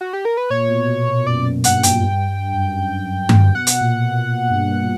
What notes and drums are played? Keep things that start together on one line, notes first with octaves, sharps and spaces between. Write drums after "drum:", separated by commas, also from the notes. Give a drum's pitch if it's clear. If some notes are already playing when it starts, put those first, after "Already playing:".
F#4
G4
A#4
B4
A#2 C#5
B2
A#2
A#2
F#2 D5
F#2
G2 F#5, drum: hi-hat
G2
A#2 G5, drum: hi-hat
G2
G2
F#2
G2
F#2
G2, drum: tom G2
B2 F#5
drum: hi-hat
A#2
A#2
B2
A#2
G2
A#2